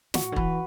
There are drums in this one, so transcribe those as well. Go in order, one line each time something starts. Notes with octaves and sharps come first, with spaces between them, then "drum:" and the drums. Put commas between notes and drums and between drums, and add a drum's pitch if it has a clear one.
A2 F#4, drum: snare
D3
E3 B4, drum: kick